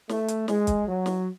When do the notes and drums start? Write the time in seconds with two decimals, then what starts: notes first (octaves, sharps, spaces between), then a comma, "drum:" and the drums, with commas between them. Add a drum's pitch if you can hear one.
0.09 A3, drum: snare
0.28 drum: hi-hat
0.48 G#3, drum: snare
0.67 drum: kick, hi-hat
0.87 F#3
1.06 drum: snare